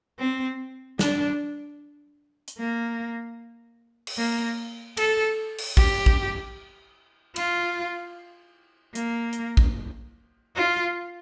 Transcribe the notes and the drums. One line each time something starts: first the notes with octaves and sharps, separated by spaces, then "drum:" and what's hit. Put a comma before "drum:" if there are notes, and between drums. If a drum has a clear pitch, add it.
C4
D4, drum: snare
drum: hi-hat
A#3
drum: cymbal
A#3
A4, drum: cymbal
drum: cymbal
G4, drum: kick
drum: kick
F4, drum: cymbal
A#3, drum: hi-hat
drum: hi-hat
drum: kick
F4